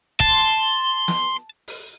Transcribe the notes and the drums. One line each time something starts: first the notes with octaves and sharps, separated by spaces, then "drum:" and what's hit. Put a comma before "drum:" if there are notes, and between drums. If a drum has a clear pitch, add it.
A5 C6, drum: kick
drum: snare
drum: open hi-hat